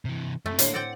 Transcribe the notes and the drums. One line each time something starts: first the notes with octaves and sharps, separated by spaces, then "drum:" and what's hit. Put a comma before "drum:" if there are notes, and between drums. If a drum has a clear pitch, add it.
C3 E3
F#2 C3 A3
A2 D3 A#3, drum: hi-hat
C4 D5 F#5 G5